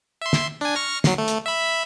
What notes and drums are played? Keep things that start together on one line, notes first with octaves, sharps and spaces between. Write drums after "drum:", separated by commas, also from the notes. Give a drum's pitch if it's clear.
E5 C6
drum: snare
D4 G#5
C#6 F6 A#6
F#3 C7, drum: snare
A3
drum: hi-hat
E5 B5